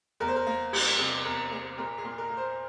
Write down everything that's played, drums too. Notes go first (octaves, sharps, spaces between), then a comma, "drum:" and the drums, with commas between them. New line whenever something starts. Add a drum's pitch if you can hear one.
E2 A#4
C5
A#4
A#3
G3, drum: cymbal
C3 G#4
E2 A#4
A#3 G#4
A#2 A#4
G#4
A#2
A#4
A#3
C5